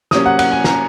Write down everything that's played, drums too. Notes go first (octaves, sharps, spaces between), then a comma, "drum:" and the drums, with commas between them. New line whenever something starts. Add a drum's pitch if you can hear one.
C3 F#3 A#3 C#4 D#6, drum: snare
F#5
F#5, drum: cymbal
G#5
A#5, drum: snare